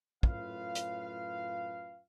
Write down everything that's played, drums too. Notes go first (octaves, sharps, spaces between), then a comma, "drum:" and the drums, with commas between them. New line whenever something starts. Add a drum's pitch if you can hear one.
F#2 A2 F4 B4 F5, drum: kick
drum: hi-hat